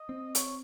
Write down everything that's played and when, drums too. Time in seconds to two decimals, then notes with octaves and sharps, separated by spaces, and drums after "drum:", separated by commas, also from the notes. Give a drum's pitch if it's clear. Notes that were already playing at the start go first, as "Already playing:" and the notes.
Already playing: D#5
0.09 C4
0.35 C#5, drum: hi-hat